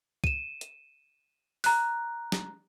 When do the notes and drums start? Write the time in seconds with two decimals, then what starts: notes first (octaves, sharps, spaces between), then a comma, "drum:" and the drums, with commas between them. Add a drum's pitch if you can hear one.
0.24 D#7 E7, drum: kick
0.61 drum: hi-hat
1.64 A#5 F#6, drum: open hi-hat
2.32 drum: snare